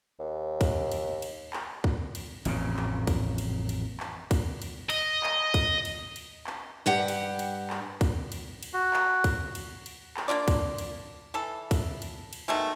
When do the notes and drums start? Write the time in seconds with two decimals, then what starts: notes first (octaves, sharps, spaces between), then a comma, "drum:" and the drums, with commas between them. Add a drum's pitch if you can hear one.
0.19 D#2
0.61 drum: kick, cymbal
0.92 drum: cymbal
1.22 drum: cymbal
1.53 drum: clap
1.84 drum: kick
2.15 drum: cymbal
2.45 A1 F2 A#2 C#3, drum: cymbal
2.77 drum: clap
3.07 drum: kick, cymbal
3.38 drum: cymbal
3.69 drum: cymbal
4.00 drum: clap
4.31 drum: kick, cymbal
4.62 drum: cymbal
4.90 D#5, drum: cymbal
5.23 drum: clap
5.54 drum: kick, cymbal
5.85 drum: cymbal
6.16 drum: cymbal
6.47 drum: clap
6.86 G2 G4 F#5
7.08 drum: cymbal
7.39 drum: cymbal
7.70 drum: clap
8.01 drum: kick, cymbal
8.32 drum: cymbal
8.63 drum: cymbal
8.74 F#4
8.93 drum: clap
9.24 drum: kick, cymbal
9.55 drum: cymbal
9.86 drum: cymbal
10.17 drum: clap
10.28 A#3 D4 F4 D5
10.48 drum: kick, cymbal
10.78 drum: cymbal
11.34 E3 A4
11.71 drum: kick, cymbal
12.02 drum: cymbal
12.33 drum: cymbal
12.48 B2 D#3 G#3 A3